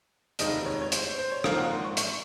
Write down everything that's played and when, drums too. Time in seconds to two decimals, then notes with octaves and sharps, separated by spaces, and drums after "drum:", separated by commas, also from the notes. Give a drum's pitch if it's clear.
0.39 F1 D#2 D#3 G#3 C4 D#5, drum: hi-hat
0.66 C#5
0.82 C#5
0.92 C5, drum: hi-hat
1.05 C5
1.18 C5
1.32 C#5
1.44 G#1 G#2 F3 A#3 F5, drum: rim click
1.58 F#5
1.71 C6
1.84 C#6
1.97 C#6, drum: hi-hat